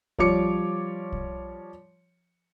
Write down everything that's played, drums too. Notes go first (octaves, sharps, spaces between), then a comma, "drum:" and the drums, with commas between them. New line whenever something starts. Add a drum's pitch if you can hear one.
F3 G3 C#5 D6 C#7, drum: kick
drum: kick